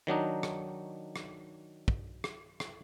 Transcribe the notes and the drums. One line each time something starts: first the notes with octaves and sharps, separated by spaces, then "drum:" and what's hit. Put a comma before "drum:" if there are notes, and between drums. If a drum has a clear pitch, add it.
D#3 F#3 D4 D#4
drum: rim click
drum: rim click
drum: kick
drum: rim click
drum: rim click